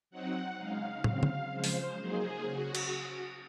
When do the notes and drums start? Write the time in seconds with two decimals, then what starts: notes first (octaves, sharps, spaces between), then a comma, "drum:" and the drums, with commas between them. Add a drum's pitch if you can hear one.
0.11 F#3 C4 D#4 F#5
0.58 C#3 G#3 D#4 F5
1.04 C#3 F#3 C4 F5, drum: tom
1.23 drum: tom
1.51 C#3 F3 G#3 C5
1.64 drum: open hi-hat
1.98 F#3 A#3 D#4 G#4
2.45 C#3 F#4
2.75 drum: cymbal